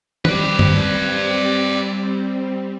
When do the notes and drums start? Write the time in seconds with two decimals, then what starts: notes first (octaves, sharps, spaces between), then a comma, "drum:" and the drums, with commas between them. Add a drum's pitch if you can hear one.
0.25 G3 C4 B4 D5, drum: tom
0.59 drum: tom